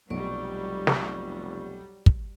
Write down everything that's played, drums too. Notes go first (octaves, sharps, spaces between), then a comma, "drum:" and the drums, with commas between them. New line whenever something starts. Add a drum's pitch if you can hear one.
F1 B1 F#3 G3 D5 C#6
drum: snare
drum: kick